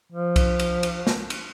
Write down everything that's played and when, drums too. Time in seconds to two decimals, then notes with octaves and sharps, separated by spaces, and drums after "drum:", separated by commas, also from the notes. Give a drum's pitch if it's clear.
0.12 F3
0.36 drum: kick B1, cymbal
0.59 drum: cymbal
0.83 drum: cymbal
1.07 drum: snare
1.30 drum: cymbal